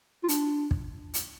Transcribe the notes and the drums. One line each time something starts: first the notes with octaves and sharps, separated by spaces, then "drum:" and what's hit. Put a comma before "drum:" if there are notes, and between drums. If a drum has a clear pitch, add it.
F4
D4, drum: hi-hat
drum: kick
drum: hi-hat